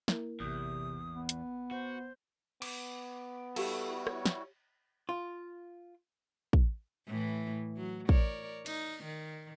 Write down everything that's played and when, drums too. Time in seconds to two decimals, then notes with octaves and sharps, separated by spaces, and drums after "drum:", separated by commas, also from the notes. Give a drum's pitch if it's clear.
0.08 A#3 E4 A#4, drum: snare
0.40 A1 E2 C3 D#6 G6
1.14 B3
1.29 drum: hi-hat
1.71 F#4 C5
2.62 B3 D6, drum: cymbal
3.56 G3 E4 F#4 G4 A4 F5, drum: cymbal
4.07 C#5, drum: rim click
4.26 drum: snare
5.09 F4
6.53 drum: kick
7.07 A2 E3
7.76 F#3
8.09 A#4 C#5 D5, drum: kick
8.66 D#4, drum: cymbal
9.04 D#3